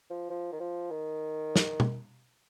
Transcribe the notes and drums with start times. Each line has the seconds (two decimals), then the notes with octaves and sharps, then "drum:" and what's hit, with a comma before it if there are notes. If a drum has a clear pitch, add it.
0.10 F3
0.30 F3
0.52 D#3
0.60 F3
0.90 D#3
1.56 drum: snare
1.80 drum: tom